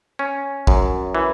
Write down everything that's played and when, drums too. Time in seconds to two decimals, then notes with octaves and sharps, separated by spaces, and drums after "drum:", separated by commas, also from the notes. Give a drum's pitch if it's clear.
0.19 C#4
0.67 F#2, drum: kick A#1
1.15 E3